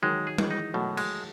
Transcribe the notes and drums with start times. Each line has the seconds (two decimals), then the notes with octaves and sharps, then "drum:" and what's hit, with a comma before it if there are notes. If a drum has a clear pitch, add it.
0.02 D#3 F#3 G#3
0.27 G#4
0.38 E3 G#3, drum: tom G3
0.51 D#4
0.74 B2 F#3 A3
0.97 G#3, drum: cymbal